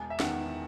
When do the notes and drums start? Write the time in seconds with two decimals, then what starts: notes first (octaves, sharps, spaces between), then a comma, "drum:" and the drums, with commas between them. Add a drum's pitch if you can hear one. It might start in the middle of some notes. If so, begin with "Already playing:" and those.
Already playing: E1 G#5
0.10 E5
0.20 E2 D#3 F#5, drum: snare